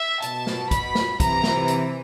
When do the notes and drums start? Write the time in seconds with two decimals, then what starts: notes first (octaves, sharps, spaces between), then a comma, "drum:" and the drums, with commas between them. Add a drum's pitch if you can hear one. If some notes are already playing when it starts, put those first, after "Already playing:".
Already playing: E5
0.22 B2 A5, drum: hi-hat
0.47 drum: snare
0.71 B5, drum: kick, hi-hat
0.95 drum: snare
1.20 C3 E3 A#5, drum: kick, hi-hat
1.44 drum: snare
1.68 drum: hi-hat